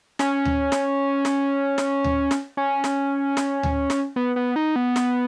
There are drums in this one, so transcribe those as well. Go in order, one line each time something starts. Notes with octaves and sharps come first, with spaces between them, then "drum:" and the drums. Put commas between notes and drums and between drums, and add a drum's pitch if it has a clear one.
C#4, drum: snare
drum: tom D2
drum: snare
drum: snare
drum: snare
drum: tom D2
drum: snare
C#4
drum: snare
drum: snare
drum: tom D2
drum: snare
B3
B3
D#4
B3
drum: snare